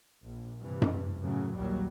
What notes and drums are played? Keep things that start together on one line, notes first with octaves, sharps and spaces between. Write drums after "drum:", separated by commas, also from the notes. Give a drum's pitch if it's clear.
A#1
G2 C3 E3
drum: tom F#2
F#2 A2 C#3 F#3
A#1 D#2 A#2 F#3 G3